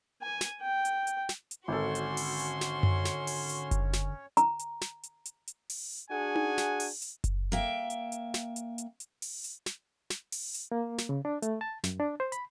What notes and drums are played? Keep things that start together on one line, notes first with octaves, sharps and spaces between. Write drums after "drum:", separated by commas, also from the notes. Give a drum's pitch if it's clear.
G#5
drum: snare
G5
drum: hi-hat
drum: hi-hat
drum: snare
drum: hi-hat
G#1 D3 C#4 F#4 A4 C#5 C6
drum: hi-hat
drum: open hi-hat
drum: hi-hat
drum: snare
drum: tom F#2
drum: snare
drum: open hi-hat
drum: hi-hat
drum: kick F#1, hi-hat
drum: snare
A#5, drum: hi-hat
drum: hi-hat
drum: snare
drum: hi-hat
drum: hi-hat
drum: hi-hat
drum: open hi-hat
D4 F#4 G#4 F#5 G#5
drum: tom D#4
drum: snare
drum: open hi-hat
drum: hi-hat
drum: kick F#1, hi-hat
A#3 E5 G5
drum: hi-hat
drum: hi-hat
drum: snare
drum: hi-hat
drum: hi-hat
drum: hi-hat
drum: open hi-hat
drum: hi-hat
drum: snare
drum: snare
drum: open hi-hat
drum: hi-hat
A#3
drum: snare
C#3
D4
A3, drum: hi-hat
A5
F#2, drum: snare
D4
C5
B5, drum: hi-hat